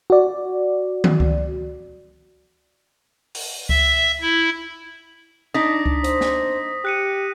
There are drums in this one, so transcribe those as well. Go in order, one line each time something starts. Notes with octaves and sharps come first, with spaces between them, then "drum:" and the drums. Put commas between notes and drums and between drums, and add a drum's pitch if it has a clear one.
F#4 D5
drum: tom D#3
drum: kick C#2
drum: open hi-hat
E5, drum: kick C#2
E4
D4 D#4 D#6 A#6 B6
drum: kick C#2
C5, drum: hi-hat
drum: snare
G4 F#6 C#7 D#7